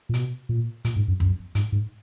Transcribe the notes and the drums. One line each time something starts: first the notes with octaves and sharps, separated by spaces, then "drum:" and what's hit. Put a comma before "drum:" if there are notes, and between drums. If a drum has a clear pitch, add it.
A#2
B2, drum: hi-hat
A#2
A#2, drum: hi-hat
G#2
F#2
F#2, drum: kick
G#2, drum: hi-hat
G#2